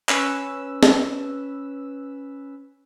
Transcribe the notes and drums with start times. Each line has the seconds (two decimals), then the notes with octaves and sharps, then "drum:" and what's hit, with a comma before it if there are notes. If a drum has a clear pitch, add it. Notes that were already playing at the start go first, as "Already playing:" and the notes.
0.09 C#4 B4 E6, drum: clap
0.83 drum: snare